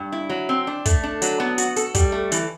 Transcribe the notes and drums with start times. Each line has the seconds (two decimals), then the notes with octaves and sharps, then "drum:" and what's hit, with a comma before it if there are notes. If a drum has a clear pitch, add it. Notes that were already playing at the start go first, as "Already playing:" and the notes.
Already playing: G2
0.12 E4
0.30 F#3
0.49 C4
0.67 D4
0.85 A3, drum: kick, hi-hat
1.03 D4
1.22 F#3, drum: hi-hat
1.40 B3
1.58 F#4, drum: hi-hat
1.76 A4, drum: hi-hat
1.95 G3, drum: kick, hi-hat
2.12 A3
2.32 E3, drum: hi-hat